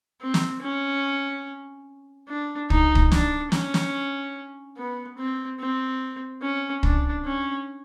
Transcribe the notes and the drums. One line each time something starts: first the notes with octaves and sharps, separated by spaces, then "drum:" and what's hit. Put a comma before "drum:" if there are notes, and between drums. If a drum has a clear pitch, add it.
C4
drum: snare
C#4
D4
D#4, drum: kick
drum: kick
D4, drum: snare
C#4, drum: snare
drum: snare
B3
C4
C4
C#4
D4, drum: kick
C#4